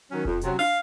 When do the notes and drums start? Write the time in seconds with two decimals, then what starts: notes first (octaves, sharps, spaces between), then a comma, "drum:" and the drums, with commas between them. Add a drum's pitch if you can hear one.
0.10 D#3 F#3 C#4
0.25 F2, drum: kick E1
0.41 C3 F#3 C#4, drum: hi-hat
0.59 F5, drum: tom D4